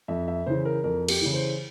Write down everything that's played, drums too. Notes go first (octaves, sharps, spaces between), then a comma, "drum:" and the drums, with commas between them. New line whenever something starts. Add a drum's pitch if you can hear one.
F2 E5
E5
C#3 E3 C5
A#4
F2 A#4
G4, drum: cymbal
C#3 E3
C5